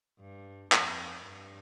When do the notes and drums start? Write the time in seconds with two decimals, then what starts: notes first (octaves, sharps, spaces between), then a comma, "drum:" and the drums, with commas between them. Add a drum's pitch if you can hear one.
0.19 G2
0.72 F2, drum: clap
1.26 G2